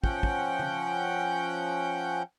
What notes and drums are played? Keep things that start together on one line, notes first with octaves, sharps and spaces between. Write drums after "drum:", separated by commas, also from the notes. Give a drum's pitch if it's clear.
F3 C#4 F#5 G5 G6, drum: kick
drum: kick
drum: tom C#3